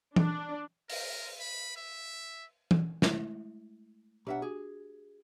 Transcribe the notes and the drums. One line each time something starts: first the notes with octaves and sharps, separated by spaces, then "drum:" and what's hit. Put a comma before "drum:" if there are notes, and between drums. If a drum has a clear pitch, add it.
D4, drum: tom
A#4, drum: open hi-hat
B5
E5
drum: tom
G#3 A3 E4, drum: snare
B1 D4 G4 E5 F#5
F#4 G#4